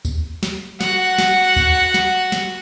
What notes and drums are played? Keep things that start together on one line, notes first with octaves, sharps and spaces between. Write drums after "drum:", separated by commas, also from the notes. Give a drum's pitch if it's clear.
drum: kick D2, tambourine
drum: snare
F#4 F#5, drum: snare
drum: snare
drum: kick D2, tambourine
drum: snare
drum: snare